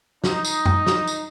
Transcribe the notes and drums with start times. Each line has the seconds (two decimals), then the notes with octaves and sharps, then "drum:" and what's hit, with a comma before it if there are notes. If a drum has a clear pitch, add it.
0.24 D#4, drum: snare
0.45 drum: tambourine
0.66 drum: tom F#2
0.87 drum: snare
1.07 drum: tambourine